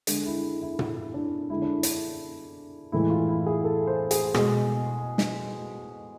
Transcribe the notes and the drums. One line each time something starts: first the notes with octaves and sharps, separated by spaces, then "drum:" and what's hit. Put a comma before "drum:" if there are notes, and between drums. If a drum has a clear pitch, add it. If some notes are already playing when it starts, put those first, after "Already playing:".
D3 G#3 G#4, drum: hi-hat
E4
E4
E4, drum: tom
E4
D4
D3 G#3 E4
D4
D4, drum: hi-hat
A2 E3 G#3 E4
F4
E4
G#4
A4
C5
G#4, drum: hi-hat
B2 G#3 G#4, drum: rim click
drum: snare